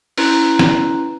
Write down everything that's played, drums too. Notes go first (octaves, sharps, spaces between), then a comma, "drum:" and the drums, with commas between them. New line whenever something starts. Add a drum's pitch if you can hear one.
C#4 E4 B4 A#5 C6 F#6, drum: open hi-hat
drum: snare